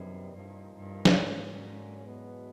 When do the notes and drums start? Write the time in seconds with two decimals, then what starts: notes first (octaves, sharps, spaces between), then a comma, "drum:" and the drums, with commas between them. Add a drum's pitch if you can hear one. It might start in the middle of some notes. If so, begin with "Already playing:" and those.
Already playing: C2 F#2 C3 D#3 G3 B3
0.34 C2 G2 A#2 F3 A#3 D#4
0.76 G2
1.05 drum: snare
1.18 G#2 D3 F#3 A#3 C#4
2.02 E2 B2 F#3 B3